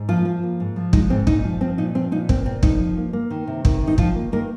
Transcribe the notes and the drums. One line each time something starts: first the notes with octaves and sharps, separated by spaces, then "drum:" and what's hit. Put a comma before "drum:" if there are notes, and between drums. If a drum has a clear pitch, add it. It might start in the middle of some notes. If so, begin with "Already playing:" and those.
Already playing: G#2
F3 A#3 F4
F3
A#3
G#2
F3
G#3 D#4, drum: kick
G#2 C4
A#2 D#4, drum: kick
F3
F3 C4
A#2 D#4
F3 C4
A#2 D#4
A#3 C4, drum: kick
A#2 C4
F2 D#4, drum: kick
F3
A#3
A#3
D#3
C3
D#3, drum: kick
C3
D#4
D#3 F3 F4, drum: kick
A#3
D#3 A#3 A#4